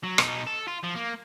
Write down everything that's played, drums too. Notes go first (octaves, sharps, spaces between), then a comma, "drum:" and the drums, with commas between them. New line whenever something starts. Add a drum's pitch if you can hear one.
F#3
B2 D#4, drum: rim click
A4
F4
F3
A#3